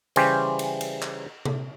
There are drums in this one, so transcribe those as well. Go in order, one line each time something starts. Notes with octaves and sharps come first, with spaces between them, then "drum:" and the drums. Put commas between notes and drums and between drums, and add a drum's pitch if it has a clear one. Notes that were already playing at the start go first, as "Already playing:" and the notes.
C#3 E3 G3 C#4 G4 C5, drum: cymbal
drum: cymbal
drum: cymbal
drum: clap
drum: tom C3